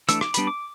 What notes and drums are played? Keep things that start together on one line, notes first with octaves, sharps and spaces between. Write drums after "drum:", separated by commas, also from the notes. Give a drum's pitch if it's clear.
E3 A3 D4 E6, drum: hi-hat
D6, drum: rim click
G3 B3 D4 B5, drum: hi-hat
D6